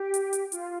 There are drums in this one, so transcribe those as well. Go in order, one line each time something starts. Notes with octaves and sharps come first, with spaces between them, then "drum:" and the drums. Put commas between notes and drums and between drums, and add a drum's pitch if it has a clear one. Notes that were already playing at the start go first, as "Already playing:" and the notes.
Already playing: G4
drum: hi-hat
drum: hi-hat
F4, drum: hi-hat